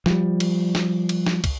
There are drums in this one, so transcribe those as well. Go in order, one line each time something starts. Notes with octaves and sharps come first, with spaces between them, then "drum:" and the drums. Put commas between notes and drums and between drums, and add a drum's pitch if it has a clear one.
F3 G3, drum: snare
drum: cymbal
drum: snare
drum: cymbal
drum: snare
drum: kick, cymbal